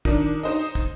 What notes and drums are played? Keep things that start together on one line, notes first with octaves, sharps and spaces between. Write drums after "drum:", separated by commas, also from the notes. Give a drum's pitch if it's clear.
D#3 D4, drum: kick
D#4 C5 D#5
drum: kick